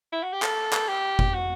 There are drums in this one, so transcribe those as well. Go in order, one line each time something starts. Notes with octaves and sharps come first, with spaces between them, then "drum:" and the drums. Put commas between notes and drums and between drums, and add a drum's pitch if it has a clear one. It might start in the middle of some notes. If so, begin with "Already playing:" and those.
E4
F#4
G4
A4, drum: clap
drum: clap
G4
drum: kick F#1
F#4